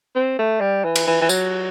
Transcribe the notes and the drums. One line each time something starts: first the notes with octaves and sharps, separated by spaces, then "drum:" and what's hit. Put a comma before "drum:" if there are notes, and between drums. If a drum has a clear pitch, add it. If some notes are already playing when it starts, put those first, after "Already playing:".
C4
A3
G3
E3
drum: cymbal
E3
E3
F#3, drum: tambourine